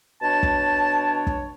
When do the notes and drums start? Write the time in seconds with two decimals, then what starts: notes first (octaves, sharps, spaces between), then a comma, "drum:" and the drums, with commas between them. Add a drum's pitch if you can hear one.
0.22 B2 D4 C#5 A5
0.43 drum: kick
1.27 drum: kick